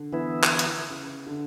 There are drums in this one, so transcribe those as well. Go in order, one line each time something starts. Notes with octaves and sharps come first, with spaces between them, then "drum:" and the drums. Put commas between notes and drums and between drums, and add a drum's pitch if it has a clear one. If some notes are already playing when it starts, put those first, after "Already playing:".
Already playing: D3
E3 B3 E4
drum: clap
drum: hi-hat
C#3
D3